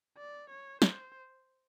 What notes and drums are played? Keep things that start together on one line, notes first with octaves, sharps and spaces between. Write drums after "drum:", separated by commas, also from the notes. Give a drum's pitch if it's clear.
D5
C#5
C5, drum: snare